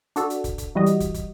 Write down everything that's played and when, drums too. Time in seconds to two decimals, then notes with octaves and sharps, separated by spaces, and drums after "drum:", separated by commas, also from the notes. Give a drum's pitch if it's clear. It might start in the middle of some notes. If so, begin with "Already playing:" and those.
0.16 D4 F#4 A4, drum: hi-hat
0.30 drum: hi-hat
0.44 drum: kick, hi-hat
0.58 drum: kick, hi-hat
0.75 E3 G3 F#4 D#5
0.86 drum: hi-hat
1.00 drum: kick, hi-hat
1.14 drum: kick, hi-hat